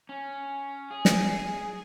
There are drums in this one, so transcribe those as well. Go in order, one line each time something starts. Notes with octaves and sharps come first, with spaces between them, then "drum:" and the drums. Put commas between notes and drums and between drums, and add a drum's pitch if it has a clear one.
C#4
G#4
drum: snare